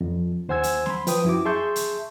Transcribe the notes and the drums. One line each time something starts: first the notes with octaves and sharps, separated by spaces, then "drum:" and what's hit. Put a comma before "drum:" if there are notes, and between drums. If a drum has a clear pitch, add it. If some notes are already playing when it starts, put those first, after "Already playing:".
F2
D#2 C5 F#5 G#5 E6 G#6
drum: hi-hat
B5 C6, drum: snare
F3 B4 G5 D#6, drum: hi-hat
F#2 E4 F#4 D6
G#4 E5 A5 C6 C#6 G6
drum: hi-hat